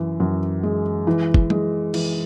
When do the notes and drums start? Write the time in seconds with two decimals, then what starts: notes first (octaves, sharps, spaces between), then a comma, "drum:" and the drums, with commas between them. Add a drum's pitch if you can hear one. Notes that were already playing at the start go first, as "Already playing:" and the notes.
Already playing: F#2 E3
0.20 F#2
0.63 G#3
1.07 E3
1.34 drum: kick
1.50 G#3, drum: tom F#3
1.94 E3, drum: cymbal